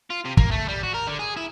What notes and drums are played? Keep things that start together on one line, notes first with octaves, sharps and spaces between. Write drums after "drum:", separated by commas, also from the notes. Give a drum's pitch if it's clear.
F4
C3
A#3, drum: kick
A3
G3
F#4
A#4
D3
G#4
E4